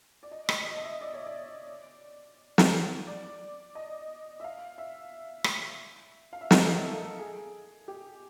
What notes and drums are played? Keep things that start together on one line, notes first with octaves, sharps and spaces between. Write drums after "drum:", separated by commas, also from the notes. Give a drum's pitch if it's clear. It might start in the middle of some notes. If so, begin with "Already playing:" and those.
D5
D#5
D#5, drum: rim click
D#5
D#5
E5
D5
C#5
D5
drum: snare
D5
D#5
E5
F5
E5
drum: rim click
F5
E5
D#5, drum: snare
A#4
A4
A4
G#4
G4